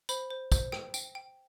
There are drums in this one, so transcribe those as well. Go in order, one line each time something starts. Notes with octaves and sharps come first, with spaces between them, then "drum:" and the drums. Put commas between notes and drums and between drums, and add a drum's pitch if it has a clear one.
C5 B5, drum: tambourine
C5
C5, drum: kick, tambourine
G5, drum: rim click
G5, drum: tambourine
G5